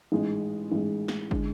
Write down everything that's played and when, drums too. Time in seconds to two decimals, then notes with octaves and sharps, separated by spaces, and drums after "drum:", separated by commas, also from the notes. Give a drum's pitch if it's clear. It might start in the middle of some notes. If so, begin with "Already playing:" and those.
0.12 A1 G#2 G#3
0.72 A1 G#2 G#3
1.08 drum: snare
1.31 D3 G#3, drum: kick